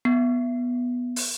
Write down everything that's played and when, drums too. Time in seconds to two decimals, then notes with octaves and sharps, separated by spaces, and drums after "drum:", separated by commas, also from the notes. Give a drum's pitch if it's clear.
0.05 B3
1.16 drum: open hi-hat